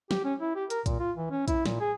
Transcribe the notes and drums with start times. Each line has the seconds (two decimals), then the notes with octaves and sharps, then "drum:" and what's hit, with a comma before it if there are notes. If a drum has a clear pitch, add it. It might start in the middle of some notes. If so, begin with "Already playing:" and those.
0.11 G4, drum: snare
0.24 C#4
0.40 E4
0.56 G4
0.70 A#4, drum: hi-hat
0.86 A#2, drum: kick, hi-hat
1.00 F4
1.17 E3
1.31 C#4
1.48 E4, drum: kick, hi-hat
1.66 A#2, drum: snare
1.80 G#4